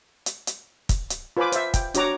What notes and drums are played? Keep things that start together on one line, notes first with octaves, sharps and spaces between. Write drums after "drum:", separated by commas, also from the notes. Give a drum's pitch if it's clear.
drum: hi-hat
drum: hi-hat
drum: kick, hi-hat
drum: hi-hat
F4 B4 C5 G#5 B5 D6
C5 E5, drum: hi-hat
G5, drum: kick, hi-hat
D4 F#4 C#5 A#5 D6, drum: hi-hat